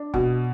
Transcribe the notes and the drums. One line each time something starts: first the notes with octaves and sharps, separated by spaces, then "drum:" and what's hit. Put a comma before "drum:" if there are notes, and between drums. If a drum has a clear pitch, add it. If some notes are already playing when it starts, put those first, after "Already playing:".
Already playing: D4
B2, drum: kick F1